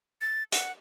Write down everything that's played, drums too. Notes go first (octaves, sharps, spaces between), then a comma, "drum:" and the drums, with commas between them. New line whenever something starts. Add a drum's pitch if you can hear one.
A6
F#5, drum: hi-hat